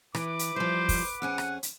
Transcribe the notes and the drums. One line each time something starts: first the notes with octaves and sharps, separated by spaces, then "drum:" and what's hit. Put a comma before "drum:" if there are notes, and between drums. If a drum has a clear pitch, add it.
E3 B4 D6, drum: rim click
drum: hi-hat
F3 G3 C5
drum: kick, open hi-hat
F2 C#4 G#4 F#5
drum: rim click
drum: hi-hat